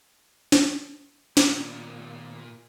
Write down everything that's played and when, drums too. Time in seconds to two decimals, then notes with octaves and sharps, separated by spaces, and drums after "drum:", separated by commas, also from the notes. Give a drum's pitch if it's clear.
0.52 drum: snare
1.37 A#2 D#3 B3 A#5, drum: snare